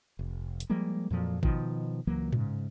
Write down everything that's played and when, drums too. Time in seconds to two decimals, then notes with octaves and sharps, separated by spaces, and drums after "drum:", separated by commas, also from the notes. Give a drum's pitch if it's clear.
0.19 F1
0.60 drum: hi-hat
0.70 F3 G3 G#3 A#3
1.11 F2 A#2 F3 F#3
1.43 B2 D#3 F3, drum: kick A1
2.07 C#2 E3 F#3 A#3
2.32 G#2 C#3, drum: tom A2